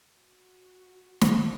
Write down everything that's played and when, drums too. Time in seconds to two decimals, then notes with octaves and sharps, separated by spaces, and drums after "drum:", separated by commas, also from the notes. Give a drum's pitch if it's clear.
0.18 F#4
1.21 drum: snare